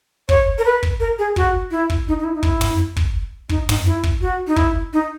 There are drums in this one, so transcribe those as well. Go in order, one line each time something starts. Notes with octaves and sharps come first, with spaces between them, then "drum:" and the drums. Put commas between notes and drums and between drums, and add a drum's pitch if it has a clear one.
C#5, drum: kick
A#4
B4
drum: kick
A#4
G#4
F#4, drum: kick
E4
drum: kick
D#4
D#4
E4
D#4
E4, drum: kick
drum: tom
drum: kick
D#4, drum: kick
D#4, drum: tom
E4
drum: kick
F#4
D#4
E4, drum: kick
D#4